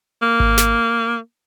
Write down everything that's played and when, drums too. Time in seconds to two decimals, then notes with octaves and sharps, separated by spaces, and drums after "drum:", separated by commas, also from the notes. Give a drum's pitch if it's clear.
0.22 A#3
0.40 drum: kick G#1
0.58 drum: snare